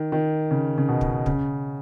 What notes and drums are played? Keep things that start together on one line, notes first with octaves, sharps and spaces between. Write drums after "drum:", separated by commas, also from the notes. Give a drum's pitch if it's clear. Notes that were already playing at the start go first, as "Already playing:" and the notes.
Already playing: D#3
D#3
C#3
C#3
B2
drum: kick
C#3, drum: kick